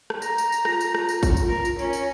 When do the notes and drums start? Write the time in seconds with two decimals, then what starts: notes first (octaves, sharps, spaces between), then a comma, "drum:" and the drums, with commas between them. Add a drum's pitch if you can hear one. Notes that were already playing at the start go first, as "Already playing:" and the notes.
0.10 drum: rim click
0.22 A#5, drum: tambourine
0.38 drum: tambourine
0.52 drum: tambourine
0.65 F4, drum: rim click
0.80 drum: tambourine
0.95 drum: rim click
1.09 drum: tambourine
1.23 drum: kick, tambourine
1.37 drum: tambourine
1.48 A#4
1.65 drum: tambourine
1.79 C#4, drum: tambourine
1.93 drum: tambourine